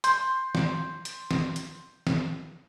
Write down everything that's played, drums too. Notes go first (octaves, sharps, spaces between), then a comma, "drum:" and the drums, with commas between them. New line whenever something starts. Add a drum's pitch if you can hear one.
C6 G6, drum: hi-hat
drum: snare
drum: hi-hat
drum: snare
drum: hi-hat
drum: snare